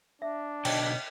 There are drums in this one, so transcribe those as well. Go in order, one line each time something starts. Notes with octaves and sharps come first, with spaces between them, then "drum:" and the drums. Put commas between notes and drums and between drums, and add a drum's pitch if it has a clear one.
D4 E5
B2 D3 F#3 D#4 C5 C#5 G5, drum: cymbal